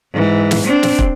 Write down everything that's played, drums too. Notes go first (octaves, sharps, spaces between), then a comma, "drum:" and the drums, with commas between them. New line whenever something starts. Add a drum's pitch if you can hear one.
G#2 E3
drum: snare
C4 D4
drum: snare
drum: kick